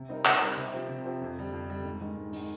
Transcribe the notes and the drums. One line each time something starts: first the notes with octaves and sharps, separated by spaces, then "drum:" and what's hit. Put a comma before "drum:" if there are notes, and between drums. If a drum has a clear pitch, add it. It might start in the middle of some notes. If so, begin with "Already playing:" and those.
Already playing: C3
G3 C4 D#4 A#4
C3, drum: clap
G3 C4 D#4 A#4
C3
F3 C4 G4
C3
F3 C4 G4
F2
D3 G3
F2
D3 G3
G#2
D#3 G#3
G#2
D#3 G#3, drum: open hi-hat